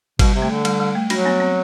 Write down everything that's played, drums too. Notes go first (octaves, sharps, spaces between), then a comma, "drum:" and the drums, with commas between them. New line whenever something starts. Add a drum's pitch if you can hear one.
B2 G3, drum: kick G#1, cymbal
C3
A3
D3
G3, drum: cymbal
G3
A3
F#3 D4 F#4, drum: cymbal
B3 D4
C4